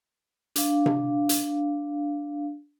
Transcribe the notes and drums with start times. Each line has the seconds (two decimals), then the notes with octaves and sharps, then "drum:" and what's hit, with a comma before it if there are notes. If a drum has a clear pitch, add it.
0.56 D4 F5, drum: hi-hat
0.86 drum: tom C3
1.29 drum: hi-hat